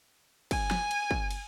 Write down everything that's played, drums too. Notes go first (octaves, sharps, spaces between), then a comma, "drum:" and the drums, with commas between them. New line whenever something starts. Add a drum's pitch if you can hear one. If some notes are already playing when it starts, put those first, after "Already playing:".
G#5, drum: kick, cymbal
drum: snare
drum: cymbal
drum: kick
drum: cymbal